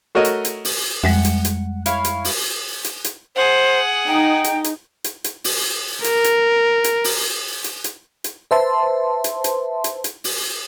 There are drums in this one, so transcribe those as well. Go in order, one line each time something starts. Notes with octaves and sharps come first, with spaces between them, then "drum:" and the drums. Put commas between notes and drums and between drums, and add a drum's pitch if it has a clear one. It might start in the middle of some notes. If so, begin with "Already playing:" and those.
A3 F#4 A#4 C#5 D#5
drum: hi-hat
drum: hi-hat
drum: open hi-hat
F2 G3 G#3 E5 F#5
drum: hi-hat
drum: hi-hat
E4 C#5 F5, drum: hi-hat
drum: hi-hat
drum: open hi-hat
drum: hi-hat
drum: hi-hat
G#4 C5 F#5
D#4 G5
drum: hi-hat
drum: hi-hat
drum: hi-hat
drum: hi-hat
drum: open hi-hat
A#4, drum: hi-hat
drum: hi-hat
drum: hi-hat
drum: open hi-hat
drum: hi-hat
drum: hi-hat
drum: hi-hat
B4 C5 E5 A5 C6
drum: hi-hat
drum: hi-hat
drum: hi-hat
drum: hi-hat
drum: open hi-hat